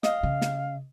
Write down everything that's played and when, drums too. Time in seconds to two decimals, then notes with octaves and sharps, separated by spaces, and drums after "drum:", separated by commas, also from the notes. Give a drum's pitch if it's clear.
0.03 D#5 F5, drum: snare
0.23 C#3
0.41 drum: snare